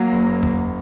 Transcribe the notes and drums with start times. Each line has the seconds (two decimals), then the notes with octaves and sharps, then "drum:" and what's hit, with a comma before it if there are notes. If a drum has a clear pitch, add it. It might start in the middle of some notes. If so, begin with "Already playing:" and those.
Already playing: F#3 A#3
0.12 F#1
0.43 drum: tom E2